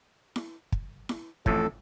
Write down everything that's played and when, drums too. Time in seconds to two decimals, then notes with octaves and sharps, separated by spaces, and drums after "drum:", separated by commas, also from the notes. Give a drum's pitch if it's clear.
0.36 drum: snare E4
0.72 drum: kick
1.09 drum: snare E4
1.46 A1 F2 A2 A4, drum: kick